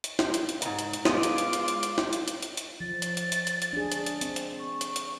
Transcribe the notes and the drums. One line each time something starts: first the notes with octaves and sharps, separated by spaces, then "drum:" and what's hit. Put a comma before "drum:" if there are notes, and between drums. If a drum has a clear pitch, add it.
drum: hi-hat
drum: snare
drum: hi-hat
drum: hi-hat
G#2 A#5, drum: hi-hat
drum: hi-hat
drum: hi-hat
G#3 B3 F4 D#5 D6, drum: snare
drum: hi-hat
drum: hi-hat
drum: hi-hat
drum: hi-hat
drum: hi-hat
drum: snare
drum: hi-hat
drum: hi-hat
drum: hi-hat
drum: hi-hat
F3 A6
drum: hi-hat
drum: hi-hat
drum: hi-hat
drum: hi-hat
drum: hi-hat
D4 G#4
drum: hi-hat
drum: hi-hat
C4, drum: hi-hat
drum: hi-hat
C#6
drum: hi-hat
drum: hi-hat